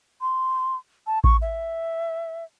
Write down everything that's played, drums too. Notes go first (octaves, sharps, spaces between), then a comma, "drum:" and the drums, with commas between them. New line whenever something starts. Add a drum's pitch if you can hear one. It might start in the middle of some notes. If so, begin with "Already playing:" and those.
C6
A5
C#6, drum: kick A1
E5